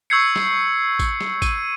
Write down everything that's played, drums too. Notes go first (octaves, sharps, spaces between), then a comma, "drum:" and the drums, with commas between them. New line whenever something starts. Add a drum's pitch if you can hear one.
C#6 E6 G6 G#6 C7 C#7
drum: snare
drum: kick, tambourine
drum: snare
D#7, drum: kick, tambourine